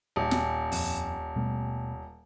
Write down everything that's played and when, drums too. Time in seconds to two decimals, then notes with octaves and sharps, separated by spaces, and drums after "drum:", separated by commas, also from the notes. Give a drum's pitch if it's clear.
0.16 D#1
0.31 drum: snare
0.72 F2, drum: open hi-hat
1.36 B2 G3 A3